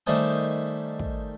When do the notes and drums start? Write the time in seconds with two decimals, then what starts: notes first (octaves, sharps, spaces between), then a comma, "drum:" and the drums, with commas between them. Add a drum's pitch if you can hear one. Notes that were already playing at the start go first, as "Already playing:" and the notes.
0.07 D#3 G3 A3 C5 G#5 D#6
0.99 drum: kick